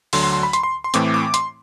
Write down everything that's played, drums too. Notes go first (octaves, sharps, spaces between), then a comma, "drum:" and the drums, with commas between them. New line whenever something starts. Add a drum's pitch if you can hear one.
D2 D3 F#3 C6, drum: open hi-hat
C6
C6
B5
C6, drum: hi-hat
C6
C6
A2 E3 A3 C4 D6, drum: hi-hat
D6
C6, drum: hi-hat